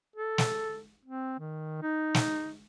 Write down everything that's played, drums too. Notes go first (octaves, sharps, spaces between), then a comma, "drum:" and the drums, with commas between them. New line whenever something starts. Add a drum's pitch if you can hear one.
A4
drum: snare
C4
D#3
D#4
drum: snare